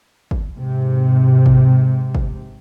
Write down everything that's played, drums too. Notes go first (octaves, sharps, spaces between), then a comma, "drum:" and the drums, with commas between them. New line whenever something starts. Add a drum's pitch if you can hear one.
drum: kick
G#2 C3
drum: kick
drum: kick